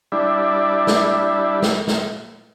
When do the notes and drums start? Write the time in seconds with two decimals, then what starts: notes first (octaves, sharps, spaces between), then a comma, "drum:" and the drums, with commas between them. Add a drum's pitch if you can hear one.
0.12 G3 D4 E4
0.87 drum: snare A3
1.62 drum: snare A3
1.87 drum: snare A3